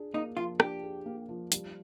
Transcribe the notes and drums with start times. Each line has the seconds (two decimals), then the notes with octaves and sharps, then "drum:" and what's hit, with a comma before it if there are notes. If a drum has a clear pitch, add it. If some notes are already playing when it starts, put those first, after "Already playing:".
Already playing: D4 G#4
0.14 A#3 D#4
0.37 F3 F4
0.60 D4 G4, drum: rim click
0.83 G#4
1.06 A#3
1.29 F3
1.52 G3, drum: hi-hat